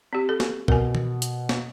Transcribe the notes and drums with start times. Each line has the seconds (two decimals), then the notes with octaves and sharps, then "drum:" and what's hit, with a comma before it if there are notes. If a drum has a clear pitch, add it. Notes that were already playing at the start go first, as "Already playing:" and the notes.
0.13 C4 G4
0.29 A4
0.40 drum: snare
0.68 B2 A#4 G#5, drum: kick
0.95 drum: tom
1.22 drum: hi-hat
1.49 drum: snare